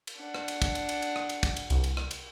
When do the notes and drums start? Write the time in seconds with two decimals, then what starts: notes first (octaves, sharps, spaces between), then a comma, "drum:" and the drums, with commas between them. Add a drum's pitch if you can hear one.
0.07 drum: cymbal
0.18 D4 F#5
0.35 drum: rim click
0.48 drum: cymbal
0.62 drum: kick, cymbal
0.75 drum: cymbal
0.89 drum: cymbal
1.02 drum: cymbal
1.16 drum: rim click
1.29 drum: cymbal
1.43 drum: kick, cymbal
1.56 drum: cymbal
1.70 C2, drum: cymbal
1.84 drum: cymbal
1.97 drum: rim click
2.11 drum: cymbal